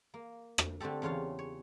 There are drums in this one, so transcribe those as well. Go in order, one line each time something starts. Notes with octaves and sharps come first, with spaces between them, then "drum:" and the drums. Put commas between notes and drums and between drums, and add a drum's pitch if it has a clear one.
A#3
drum: rim click
D3 A3 C4 G4 A4
E2 C#3 F4 C#5 F5
C#5